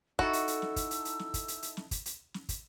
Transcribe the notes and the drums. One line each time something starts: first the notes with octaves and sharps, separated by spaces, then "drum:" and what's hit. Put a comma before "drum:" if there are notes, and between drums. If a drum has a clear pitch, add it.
D#4 E4 F#4 A4 E6, drum: kick
drum: hi-hat
drum: hi-hat
drum: snare
drum: kick, hi-hat
drum: hi-hat
drum: hi-hat
drum: snare
drum: kick, hi-hat
drum: hi-hat
drum: hi-hat
drum: snare
drum: kick, hi-hat
drum: hi-hat
drum: snare
drum: kick, hi-hat